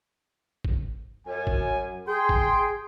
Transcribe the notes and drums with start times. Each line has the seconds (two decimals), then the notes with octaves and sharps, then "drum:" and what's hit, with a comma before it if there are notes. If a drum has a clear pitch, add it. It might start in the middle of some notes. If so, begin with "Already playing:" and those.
0.65 drum: kick G1
1.26 F#2 G#5
1.47 drum: kick G1
2.07 G#4 G5 C6
2.29 drum: kick G1